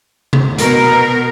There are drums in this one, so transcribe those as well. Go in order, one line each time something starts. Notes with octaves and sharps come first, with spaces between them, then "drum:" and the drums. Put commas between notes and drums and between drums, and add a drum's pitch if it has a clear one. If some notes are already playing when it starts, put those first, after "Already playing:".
drum: tom C3
B2 A#4, drum: hi-hat